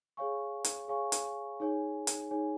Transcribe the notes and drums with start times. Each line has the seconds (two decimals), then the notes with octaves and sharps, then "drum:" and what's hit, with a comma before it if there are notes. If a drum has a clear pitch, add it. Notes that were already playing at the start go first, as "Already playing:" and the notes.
0.17 G#4 C#5 F5 G#5 C#6
0.64 drum: hi-hat
0.88 G#4 C#5 F5 G#5 C#6
1.12 drum: hi-hat
1.60 D#4 G#4 C#5 G#5
2.07 drum: hi-hat
2.31 D#4 G#4 C#5 G#5